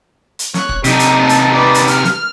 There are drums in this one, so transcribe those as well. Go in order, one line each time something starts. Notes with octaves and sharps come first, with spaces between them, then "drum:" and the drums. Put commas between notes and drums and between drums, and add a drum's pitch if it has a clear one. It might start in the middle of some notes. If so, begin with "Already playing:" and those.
drum: hi-hat
C#5 F#6, drum: snare
drum: kick
C3 D4 D#4 G4, drum: hi-hat
drum: hi-hat
A5
drum: hi-hat
B4 D5
drum: hi-hat
F6, drum: hi-hat
drum: snare